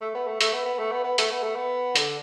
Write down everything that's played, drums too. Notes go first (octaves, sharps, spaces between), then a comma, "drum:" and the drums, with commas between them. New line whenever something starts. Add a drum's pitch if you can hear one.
A3
B3
A3
A3, drum: hi-hat
B3
B3
A3
B3
B3
A3, drum: hi-hat
B3
A3
B3
D3, drum: hi-hat